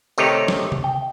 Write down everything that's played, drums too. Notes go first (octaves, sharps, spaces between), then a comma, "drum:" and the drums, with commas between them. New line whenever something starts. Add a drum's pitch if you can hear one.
C3 D#3 A3 D#4 G4 C#5, drum: tambourine
drum: snare
drum: tom C3
G5